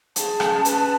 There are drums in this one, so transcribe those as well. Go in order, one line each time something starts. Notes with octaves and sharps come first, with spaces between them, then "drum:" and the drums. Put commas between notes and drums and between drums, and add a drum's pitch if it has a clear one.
G#4 A5, drum: hi-hat
C#4, drum: rim click
B4, drum: hi-hat